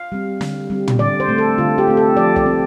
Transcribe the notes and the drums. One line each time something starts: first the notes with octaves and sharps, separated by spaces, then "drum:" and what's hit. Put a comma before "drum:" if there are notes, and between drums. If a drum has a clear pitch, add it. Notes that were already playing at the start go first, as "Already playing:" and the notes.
Already playing: F5
G3 C4
D3, drum: snare
G3 C4
drum: tom
D3 D5
C5
A3 C4
A4
D3 F4
G4
A3 C4
A4
F3 D5
D5, drum: kick
A3 C4